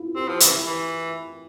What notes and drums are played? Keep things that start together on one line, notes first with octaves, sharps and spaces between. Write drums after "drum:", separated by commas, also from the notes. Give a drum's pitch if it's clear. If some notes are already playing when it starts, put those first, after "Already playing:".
Already playing: E4 F4
C4 G4
F3
E3, drum: hi-hat
E3